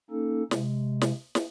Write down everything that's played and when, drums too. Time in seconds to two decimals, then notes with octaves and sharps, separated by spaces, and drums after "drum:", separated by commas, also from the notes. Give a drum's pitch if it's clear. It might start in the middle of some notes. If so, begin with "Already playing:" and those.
0.10 A#3 C#4 D#4 A4
0.51 C3 G#3, drum: snare
1.01 drum: snare
1.35 drum: snare